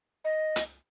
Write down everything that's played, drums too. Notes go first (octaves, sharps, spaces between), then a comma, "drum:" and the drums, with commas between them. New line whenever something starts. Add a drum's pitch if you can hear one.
D#5
drum: hi-hat